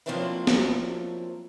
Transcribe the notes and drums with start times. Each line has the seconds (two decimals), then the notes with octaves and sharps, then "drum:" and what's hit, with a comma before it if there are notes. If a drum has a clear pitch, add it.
0.06 F3 F#3 A#3 C4 D4 E4
0.47 drum: snare B3